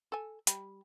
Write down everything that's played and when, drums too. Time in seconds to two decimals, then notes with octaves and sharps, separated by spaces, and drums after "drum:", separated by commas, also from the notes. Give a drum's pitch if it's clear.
0.12 A4 G#5
0.47 G3, drum: hi-hat